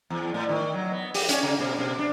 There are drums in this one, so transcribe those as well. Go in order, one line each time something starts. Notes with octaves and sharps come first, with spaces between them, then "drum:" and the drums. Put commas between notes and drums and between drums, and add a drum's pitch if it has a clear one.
E2
A2
D#3
F#3
B3
G4, drum: open hi-hat
C#4, drum: hi-hat
C#3
B2
B2
D4